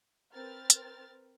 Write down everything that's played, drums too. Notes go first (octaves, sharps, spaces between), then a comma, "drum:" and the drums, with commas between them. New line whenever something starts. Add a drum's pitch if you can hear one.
C4 A#4 B4 F6 A6
drum: hi-hat